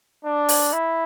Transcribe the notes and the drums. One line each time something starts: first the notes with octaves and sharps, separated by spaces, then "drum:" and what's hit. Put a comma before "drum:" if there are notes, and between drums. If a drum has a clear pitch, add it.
D4
drum: open hi-hat
E4